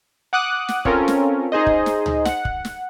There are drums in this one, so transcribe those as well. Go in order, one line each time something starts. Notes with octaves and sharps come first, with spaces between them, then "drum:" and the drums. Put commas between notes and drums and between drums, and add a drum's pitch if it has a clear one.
F#5 D6 D#6 F#6
drum: snare
C4 C#4 F4 A4 A#4, drum: kick
drum: snare
D#4 G#4 C5 D#5
drum: kick
drum: snare
drum: tom C#2
F#5, drum: snare
drum: kick
drum: snare